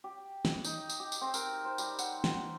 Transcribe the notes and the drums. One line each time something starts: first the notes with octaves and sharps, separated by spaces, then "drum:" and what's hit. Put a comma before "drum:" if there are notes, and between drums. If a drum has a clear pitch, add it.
G4
drum: snare
D#4, drum: tambourine
drum: tambourine
G4
drum: tambourine
C4
A#4, drum: tambourine
C5
G3, drum: tambourine
F#5, drum: tambourine
G5, drum: snare